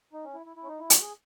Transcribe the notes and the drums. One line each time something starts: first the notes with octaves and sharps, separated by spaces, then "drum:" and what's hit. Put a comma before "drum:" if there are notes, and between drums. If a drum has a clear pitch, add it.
D#4
C#4
E4
E4
E4
C#4
D#4
E4
F#4, drum: hi-hat
G#4